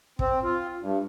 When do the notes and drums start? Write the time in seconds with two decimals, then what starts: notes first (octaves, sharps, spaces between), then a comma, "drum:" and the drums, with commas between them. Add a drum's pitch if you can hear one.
0.19 C4, drum: kick
0.43 F4
0.80 G2